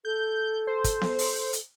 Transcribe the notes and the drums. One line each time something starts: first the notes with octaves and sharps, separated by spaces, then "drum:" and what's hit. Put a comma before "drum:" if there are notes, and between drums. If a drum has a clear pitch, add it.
A4 G6
C5
drum: kick, hi-hat
drum: snare B3
drum: open hi-hat
drum: hi-hat